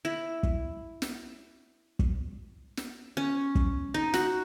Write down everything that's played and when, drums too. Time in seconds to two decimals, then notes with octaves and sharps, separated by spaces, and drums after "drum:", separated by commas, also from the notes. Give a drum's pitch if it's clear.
0.05 E4
0.43 drum: kick
1.02 drum: snare
1.99 drum: kick
2.77 drum: snare
3.17 C#4
3.55 drum: kick
3.94 D#4
4.14 F#4, drum: snare